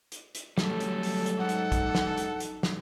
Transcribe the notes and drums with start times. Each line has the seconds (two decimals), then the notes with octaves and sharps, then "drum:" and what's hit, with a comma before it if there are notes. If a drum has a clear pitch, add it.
0.12 drum: hi-hat
0.35 drum: hi-hat
0.58 F#3 G3 A3 C#4 A4, drum: snare
0.80 drum: hi-hat
1.03 drum: open hi-hat
1.26 drum: hi-hat
1.39 G#2 D#4 F#5
1.49 drum: hi-hat
1.72 drum: kick, hi-hat
1.95 drum: snare
2.18 drum: hi-hat
2.40 drum: hi-hat
2.63 drum: snare